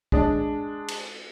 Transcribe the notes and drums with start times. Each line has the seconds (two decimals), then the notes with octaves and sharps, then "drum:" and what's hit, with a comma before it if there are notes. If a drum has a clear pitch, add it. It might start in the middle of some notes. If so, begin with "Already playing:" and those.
0.12 G#3 D4, drum: kick
0.88 drum: cymbal